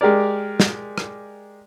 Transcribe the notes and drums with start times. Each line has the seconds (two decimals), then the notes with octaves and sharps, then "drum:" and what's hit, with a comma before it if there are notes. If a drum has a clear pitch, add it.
0.01 G#3 G4 A#4 D5
0.60 drum: snare
0.98 drum: rim click